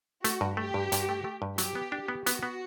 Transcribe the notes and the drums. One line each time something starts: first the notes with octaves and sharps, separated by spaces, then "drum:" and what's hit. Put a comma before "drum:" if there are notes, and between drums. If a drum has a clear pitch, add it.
A3 F#4, drum: hi-hat
G2
A3 G4
G2
G2, drum: hi-hat
A3
A3
G2
F#3 G4, drum: hi-hat
B3
D4
B3
B3 F#4, drum: hi-hat
B3